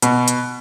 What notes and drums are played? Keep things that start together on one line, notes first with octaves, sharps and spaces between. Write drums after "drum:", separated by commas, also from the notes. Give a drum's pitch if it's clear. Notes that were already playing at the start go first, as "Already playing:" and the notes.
B2, drum: hi-hat
drum: hi-hat